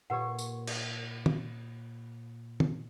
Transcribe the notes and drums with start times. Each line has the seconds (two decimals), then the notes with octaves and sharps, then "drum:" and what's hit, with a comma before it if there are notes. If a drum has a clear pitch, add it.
0.10 A#2 G4 B4 C#5 F#5
0.39 drum: tambourine
0.67 drum: cymbal
1.26 drum: tom
2.60 drum: tom